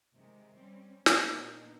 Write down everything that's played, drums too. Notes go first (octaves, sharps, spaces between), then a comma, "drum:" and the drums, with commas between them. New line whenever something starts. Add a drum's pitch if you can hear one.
C3 D#3 G#3
G3 C4 C#4
A#2 D#3 B3 D4 D#4, drum: snare